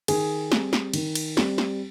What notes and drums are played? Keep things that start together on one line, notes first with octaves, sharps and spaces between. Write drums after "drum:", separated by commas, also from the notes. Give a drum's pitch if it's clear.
D#3 G#4, drum: cymbal
G3 C4, drum: snare
drum: snare
D#3, drum: cymbal
drum: cymbal
G3 C4, drum: snare
drum: snare